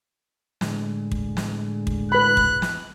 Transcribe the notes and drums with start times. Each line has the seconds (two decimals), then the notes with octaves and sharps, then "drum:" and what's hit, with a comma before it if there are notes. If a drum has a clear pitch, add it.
0.61 A2 D3 G#3, drum: snare
1.12 drum: kick
1.37 drum: snare
1.87 drum: kick
2.12 B4 B5 F#6
2.37 drum: kick
2.62 drum: snare